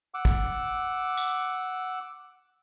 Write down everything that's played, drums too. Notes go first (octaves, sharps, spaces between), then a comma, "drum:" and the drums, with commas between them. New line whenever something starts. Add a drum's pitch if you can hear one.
F#5 D6 E6
drum: kick
drum: tambourine